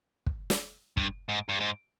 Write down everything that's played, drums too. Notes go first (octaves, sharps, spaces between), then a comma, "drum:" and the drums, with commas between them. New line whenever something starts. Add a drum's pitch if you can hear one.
drum: kick
drum: snare
G2, drum: kick
G#2
G2
G#2